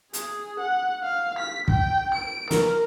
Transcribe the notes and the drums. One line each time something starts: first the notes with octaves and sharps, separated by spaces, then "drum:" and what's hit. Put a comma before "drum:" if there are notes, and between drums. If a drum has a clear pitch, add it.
G#4, drum: hi-hat
F#5
F5
B6
G5, drum: kick
D7
A#4, drum: snare